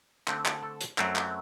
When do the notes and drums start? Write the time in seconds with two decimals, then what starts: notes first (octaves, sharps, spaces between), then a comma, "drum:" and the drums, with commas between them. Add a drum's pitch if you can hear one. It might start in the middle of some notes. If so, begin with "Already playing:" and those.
0.28 D3 A3 C4, drum: clap
0.46 drum: clap
0.63 A4
0.81 drum: hi-hat
0.98 F#2 F#3 A3 C4, drum: clap
1.16 drum: clap